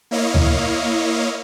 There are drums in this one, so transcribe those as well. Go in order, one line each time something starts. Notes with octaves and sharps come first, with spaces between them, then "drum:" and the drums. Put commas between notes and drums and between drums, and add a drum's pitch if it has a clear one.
A#3 E4 C#5 D#5 F5
drum: tom D2